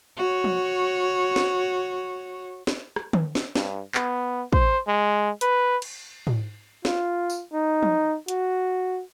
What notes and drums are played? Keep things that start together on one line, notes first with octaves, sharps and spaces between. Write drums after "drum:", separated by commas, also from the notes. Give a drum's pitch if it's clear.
F#4 C#5
drum: tom
drum: snare
drum: snare
drum: rim click
drum: tom
drum: snare
G2, drum: snare
B3, drum: clap
C5, drum: kick
G#3
B4, drum: hi-hat
drum: cymbal
drum: tom
F4, drum: snare
drum: tambourine
D#4
drum: tom
F#4, drum: hi-hat